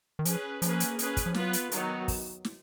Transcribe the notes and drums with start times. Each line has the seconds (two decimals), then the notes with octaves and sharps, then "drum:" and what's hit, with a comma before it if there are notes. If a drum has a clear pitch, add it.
0.19 D#3
0.25 F3 C#4 G#4 B4, drum: hi-hat
0.62 F3 A#3 C#4 G#4 B4, drum: hi-hat
0.80 drum: hi-hat
0.99 C#4 G#4 B4, drum: hi-hat
1.17 drum: kick, hi-hat
1.26 F3
1.34 F#3 B3 F4 B4, drum: snare
1.53 drum: hi-hat
1.71 D#3 F#3 B3 D#4, drum: hi-hat
2.08 drum: kick, open hi-hat
2.45 drum: snare